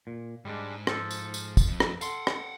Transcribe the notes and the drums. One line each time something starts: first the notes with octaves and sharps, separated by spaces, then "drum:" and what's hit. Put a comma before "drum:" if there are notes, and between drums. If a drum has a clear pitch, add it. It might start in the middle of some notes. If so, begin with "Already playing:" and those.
A#2
G#2 G3 G#3 D4
F3 A4, drum: rim click
drum: tambourine
drum: tambourine
drum: kick, tambourine
F2
drum: rim click
A4 F5 F#5 C6, drum: tambourine
drum: rim click